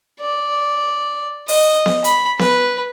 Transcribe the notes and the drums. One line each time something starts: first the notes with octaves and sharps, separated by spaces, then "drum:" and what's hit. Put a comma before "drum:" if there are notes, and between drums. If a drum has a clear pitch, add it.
D5
D#5, drum: open hi-hat
drum: snare B3
B5, drum: hi-hat
B4, drum: snare B3